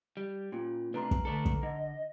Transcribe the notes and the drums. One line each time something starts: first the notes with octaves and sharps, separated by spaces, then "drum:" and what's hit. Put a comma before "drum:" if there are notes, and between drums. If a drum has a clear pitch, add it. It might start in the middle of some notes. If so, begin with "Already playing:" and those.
G3
A#2 C#4 F4
C3 A3 D4 B4 A#5 C6
drum: kick
D3 A3 D4 A4
drum: kick
D3 D#5